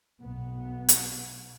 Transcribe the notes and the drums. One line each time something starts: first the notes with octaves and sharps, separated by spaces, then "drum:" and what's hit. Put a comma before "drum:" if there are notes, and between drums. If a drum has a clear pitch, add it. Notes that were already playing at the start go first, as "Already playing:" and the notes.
B1 B3
drum: hi-hat